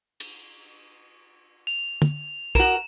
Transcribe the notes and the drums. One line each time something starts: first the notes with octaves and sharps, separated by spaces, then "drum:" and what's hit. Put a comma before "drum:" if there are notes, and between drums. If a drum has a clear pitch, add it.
drum: cymbal
F7, drum: tambourine
drum: tom
F#4 A#4 E7, drum: kick